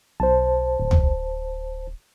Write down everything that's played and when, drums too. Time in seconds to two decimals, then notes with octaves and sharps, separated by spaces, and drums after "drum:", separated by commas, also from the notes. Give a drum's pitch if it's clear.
0.20 B1 C5 A5
0.80 D1
0.91 drum: tom